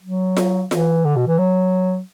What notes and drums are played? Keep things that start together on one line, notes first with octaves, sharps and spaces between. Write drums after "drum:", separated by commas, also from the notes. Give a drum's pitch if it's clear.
F#3
drum: snare F4
E3, drum: snare F4
D3
B2
E3
F#3